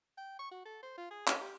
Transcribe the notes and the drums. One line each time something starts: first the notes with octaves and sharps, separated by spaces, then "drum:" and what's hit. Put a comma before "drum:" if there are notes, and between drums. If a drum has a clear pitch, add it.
G5
C#6
F#4
A4
C5
F4
G#4
C#4, drum: clap
G4